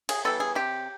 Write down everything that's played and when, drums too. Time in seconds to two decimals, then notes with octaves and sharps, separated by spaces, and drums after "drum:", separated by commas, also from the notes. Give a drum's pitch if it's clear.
0.09 G#4, drum: cymbal
0.25 E3 G3 B3 A4
0.40 G#4
0.55 C3 G4